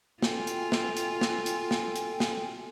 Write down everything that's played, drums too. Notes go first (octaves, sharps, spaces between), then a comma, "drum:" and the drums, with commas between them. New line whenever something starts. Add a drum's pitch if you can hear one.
F4 A4 G5 G#5, drum: snare
drum: hi-hat
drum: snare
drum: hi-hat
drum: snare
drum: hi-hat
drum: snare
drum: hi-hat
drum: snare